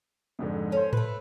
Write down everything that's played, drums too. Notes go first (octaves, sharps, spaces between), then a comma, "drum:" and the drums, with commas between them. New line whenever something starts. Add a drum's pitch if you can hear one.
F2 G#2 D3
C#4 A4 C5
A3 B4, drum: tom G#2